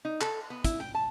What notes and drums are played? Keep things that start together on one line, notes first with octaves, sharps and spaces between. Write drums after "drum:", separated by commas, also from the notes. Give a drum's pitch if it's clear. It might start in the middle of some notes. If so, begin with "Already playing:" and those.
D#4
A4, drum: clap
B3
E4, drum: kick, hi-hat
G5
A5